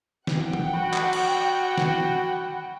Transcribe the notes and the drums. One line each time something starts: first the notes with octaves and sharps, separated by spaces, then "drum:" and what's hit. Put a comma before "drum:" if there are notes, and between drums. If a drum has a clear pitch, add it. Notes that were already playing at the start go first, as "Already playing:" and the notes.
F#5 G5, drum: snare
drum: tom E3
F#4 B5
drum: clap
drum: cymbal
drum: snare